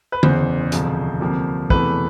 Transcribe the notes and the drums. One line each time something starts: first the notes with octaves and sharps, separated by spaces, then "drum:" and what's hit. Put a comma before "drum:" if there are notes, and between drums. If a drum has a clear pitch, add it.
B4
F#1 E2 C#3 C5, drum: tom D3
E1 D2 C3 F3, drum: hi-hat
D2 C3 F3 A#3
E1 E2 C3 E3 A3 B4, drum: kick